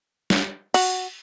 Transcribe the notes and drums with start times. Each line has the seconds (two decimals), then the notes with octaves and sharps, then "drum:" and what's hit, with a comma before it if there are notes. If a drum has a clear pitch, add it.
0.30 drum: snare
0.74 F#4, drum: cymbal